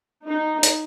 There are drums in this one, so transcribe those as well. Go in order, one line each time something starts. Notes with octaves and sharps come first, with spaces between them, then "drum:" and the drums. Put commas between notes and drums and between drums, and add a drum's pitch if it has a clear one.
D#4
drum: hi-hat